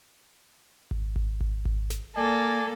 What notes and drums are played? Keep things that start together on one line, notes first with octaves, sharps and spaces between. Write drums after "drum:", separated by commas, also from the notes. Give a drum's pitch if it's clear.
drum: kick G#1
drum: kick G#1
drum: kick G#1
drum: kick G#1
drum: snare
A#3 A4 D5 G#5